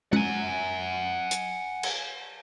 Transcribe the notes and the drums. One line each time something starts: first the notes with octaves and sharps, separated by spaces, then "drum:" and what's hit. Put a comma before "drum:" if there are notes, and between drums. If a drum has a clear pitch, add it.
F#5 G#5, drum: tom
drum: hi-hat
drum: cymbal